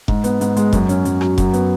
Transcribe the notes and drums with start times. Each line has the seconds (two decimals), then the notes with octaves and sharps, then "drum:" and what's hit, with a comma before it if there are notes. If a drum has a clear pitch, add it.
0.08 G#2, drum: kick F1
0.24 B3, drum: hi-hat
0.41 G#2, drum: hi-hat
0.56 G#3, drum: hi-hat
0.73 F#2, drum: kick F1, hi-hat
0.89 C#4, drum: hi-hat
1.05 F#2, drum: hi-hat
1.21 F#3, drum: rim click
1.38 F#2, drum: kick F1, hi-hat
1.53 B3, drum: hi-hat